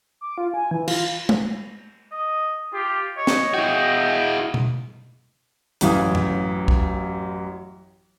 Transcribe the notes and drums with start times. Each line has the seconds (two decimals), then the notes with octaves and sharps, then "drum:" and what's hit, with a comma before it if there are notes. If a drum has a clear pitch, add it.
0.21 D6
0.38 F4
0.54 G#5
0.71 E3
0.88 F4, drum: cymbal
1.29 drum: tom G#3
2.12 D#5
2.74 F4 G4
3.18 C#5 D#5
3.27 drum: snare
3.54 E4 F#4 G5
4.54 drum: tom B2
5.81 A1 F#2 E3 F5 D#6, drum: hi-hat
6.15 drum: tom F#2
6.68 drum: kick